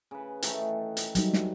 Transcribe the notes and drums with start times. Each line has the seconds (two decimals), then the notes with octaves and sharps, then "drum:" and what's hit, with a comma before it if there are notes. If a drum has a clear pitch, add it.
0.11 C#3 B4
0.42 D#3 E3 A3, drum: hi-hat
0.97 drum: hi-hat
1.15 F#3 G3 D#4, drum: hi-hat
1.33 drum: snare